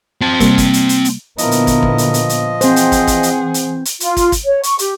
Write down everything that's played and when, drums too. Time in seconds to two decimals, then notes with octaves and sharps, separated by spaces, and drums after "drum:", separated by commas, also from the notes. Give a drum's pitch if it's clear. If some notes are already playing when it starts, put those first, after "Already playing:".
0.21 C4 A5
0.40 C3 G3 A#3, drum: kick, hi-hat
0.58 drum: kick, hi-hat
0.73 drum: hi-hat
0.89 drum: hi-hat
1.05 drum: hi-hat
1.38 A#2 D3 F3 B3 E4 A#4 D#5, drum: hi-hat
1.51 drum: hi-hat
1.67 drum: kick, hi-hat
1.83 drum: kick
1.98 drum: hi-hat
2.14 drum: hi-hat
2.29 drum: hi-hat
2.61 E3 C4 G#4 C5 F#5, drum: hi-hat
2.76 drum: hi-hat
2.92 drum: kick, hi-hat
3.07 drum: kick, hi-hat
3.23 drum: hi-hat
3.54 drum: hi-hat
3.85 drum: hi-hat
4.00 F4, drum: hi-hat
4.17 drum: kick, hi-hat
4.32 drum: kick, hi-hat
4.44 C#5
4.63 C#6, drum: hi-hat
4.79 G4, drum: hi-hat